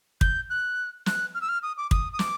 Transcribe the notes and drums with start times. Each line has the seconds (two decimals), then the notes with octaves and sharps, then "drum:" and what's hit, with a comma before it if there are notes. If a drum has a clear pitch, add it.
0.21 G6, drum: kick
0.50 F#6
1.06 F#6, drum: snare
1.35 F6
1.41 E6
1.49 F6
1.63 D#6
1.77 D6
1.91 D#6, drum: kick
2.13 D#6
2.19 D6, drum: snare